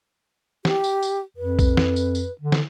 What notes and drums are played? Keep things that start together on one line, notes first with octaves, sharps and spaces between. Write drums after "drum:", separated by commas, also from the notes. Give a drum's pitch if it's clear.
G4, drum: snare
drum: tambourine
drum: tambourine
F2 B4
drum: kick B1, tambourine
drum: snare
drum: tambourine
drum: tambourine
D3
drum: snare